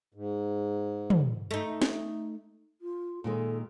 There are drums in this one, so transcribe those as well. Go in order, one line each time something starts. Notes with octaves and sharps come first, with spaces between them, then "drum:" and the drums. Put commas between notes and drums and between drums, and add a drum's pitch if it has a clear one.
G#2
drum: tom
A3 D#4
drum: snare
F4
A#2 D#3 G#3 A4